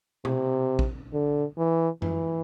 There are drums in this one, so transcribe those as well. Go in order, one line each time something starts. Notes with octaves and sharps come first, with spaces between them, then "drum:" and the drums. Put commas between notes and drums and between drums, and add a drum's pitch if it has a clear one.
C3, drum: tom B2
drum: kick A#1
D3
E3
E3, drum: tom F#2